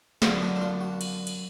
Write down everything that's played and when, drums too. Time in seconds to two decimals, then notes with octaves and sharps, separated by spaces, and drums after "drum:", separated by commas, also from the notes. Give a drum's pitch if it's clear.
0.22 F#2 D3 F#3 B3 F4, drum: snare
0.42 D4
0.56 D4
0.62 F4
0.81 F#4
1.01 drum: cymbal
1.27 drum: cymbal